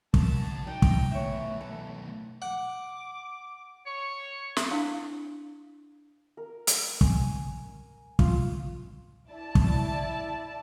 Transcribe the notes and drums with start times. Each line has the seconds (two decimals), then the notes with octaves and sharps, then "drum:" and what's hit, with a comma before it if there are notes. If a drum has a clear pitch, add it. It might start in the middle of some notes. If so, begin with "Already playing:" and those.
0.14 F#4 A#4 A5, drum: kick
0.67 D4 D#4 G5
0.82 drum: kick
1.11 B1 E3 A3 C#5 E5
1.61 A4
2.42 F#5 D6
3.86 C#5 C#6
4.57 drum: snare
4.71 D4 E4 F5
6.37 A#4
6.67 drum: hi-hat
7.01 G#5, drum: kick
8.19 F4, drum: kick
9.30 E4 D5 A5
9.55 drum: kick